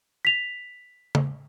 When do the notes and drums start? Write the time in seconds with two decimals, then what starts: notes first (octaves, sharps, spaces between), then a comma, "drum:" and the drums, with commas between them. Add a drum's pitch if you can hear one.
0.25 B6 F7
1.15 drum: tom